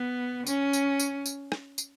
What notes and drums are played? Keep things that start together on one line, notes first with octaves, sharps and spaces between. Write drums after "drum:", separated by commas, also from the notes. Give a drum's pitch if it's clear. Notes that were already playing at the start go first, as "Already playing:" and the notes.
Already playing: B3
C#4, drum: tambourine
drum: tambourine
drum: tambourine
drum: tambourine
drum: rim click
drum: tambourine